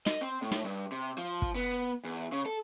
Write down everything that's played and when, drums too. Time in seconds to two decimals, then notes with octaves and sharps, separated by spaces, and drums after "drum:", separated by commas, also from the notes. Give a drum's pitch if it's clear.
0.06 D#5, drum: snare
0.21 C4
0.42 A2
0.52 drum: snare
0.65 G2
0.92 C3
1.18 F3
1.42 drum: kick
1.55 B3
2.04 E2
2.32 C#3
2.46 A4